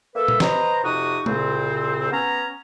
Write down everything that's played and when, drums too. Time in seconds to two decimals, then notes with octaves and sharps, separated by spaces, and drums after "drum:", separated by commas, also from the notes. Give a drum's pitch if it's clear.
0.15 A#3 A4 B4 E5
0.28 drum: tom A#2
0.40 B4 C5 D#5 A#5, drum: snare
0.83 F2 C3 D#4 F#4 C#6 D#6
1.26 C2 A#2 C#3 C4, drum: tom G#3
2.12 B3 C#4 A#5